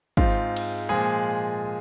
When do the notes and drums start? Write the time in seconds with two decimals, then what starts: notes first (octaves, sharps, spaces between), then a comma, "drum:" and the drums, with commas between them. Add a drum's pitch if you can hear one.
0.17 G#2 G#3 C4 F4, drum: kick
0.56 drum: cymbal
0.89 A#2 F3 G#3 G#4